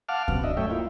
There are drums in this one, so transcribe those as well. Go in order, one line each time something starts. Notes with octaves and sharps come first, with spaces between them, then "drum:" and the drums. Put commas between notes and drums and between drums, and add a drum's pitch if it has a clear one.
F5 F#5 A5 D6 F6
F#2 C3 B3, drum: kick C#2
D4 D#5 E5
F#2 A3 C#5 E5 G5
A#3 E4 F4